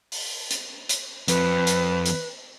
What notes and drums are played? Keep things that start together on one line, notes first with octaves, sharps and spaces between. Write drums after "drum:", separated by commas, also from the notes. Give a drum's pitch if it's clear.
drum: open hi-hat
drum: hi-hat
drum: hi-hat
F2 B4, drum: hi-hat
drum: hi-hat
drum: hi-hat